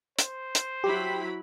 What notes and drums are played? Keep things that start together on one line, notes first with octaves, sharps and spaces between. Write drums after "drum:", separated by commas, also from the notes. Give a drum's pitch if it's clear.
C5, drum: hi-hat
drum: hi-hat
F#3 E4 G4 B5